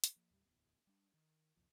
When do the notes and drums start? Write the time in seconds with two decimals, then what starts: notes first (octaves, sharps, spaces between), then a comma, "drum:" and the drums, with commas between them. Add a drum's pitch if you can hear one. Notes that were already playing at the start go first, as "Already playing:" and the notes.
0.04 drum: hi-hat
0.16 F3 A#3
0.31 D#2 A2 G3
0.45 D1 A1 E2
0.87 G3 D4
1.14 D#3
1.56 C2 F2 A#2 F3